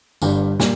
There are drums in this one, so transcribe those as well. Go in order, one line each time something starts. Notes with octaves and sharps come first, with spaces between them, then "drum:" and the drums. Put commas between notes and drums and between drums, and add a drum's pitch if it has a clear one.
G1 G2 G3, drum: tambourine
A#2 G3, drum: snare